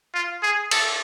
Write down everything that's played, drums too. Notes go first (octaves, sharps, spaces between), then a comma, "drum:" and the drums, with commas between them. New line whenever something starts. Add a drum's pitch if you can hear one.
F4
G#4
A4, drum: cymbal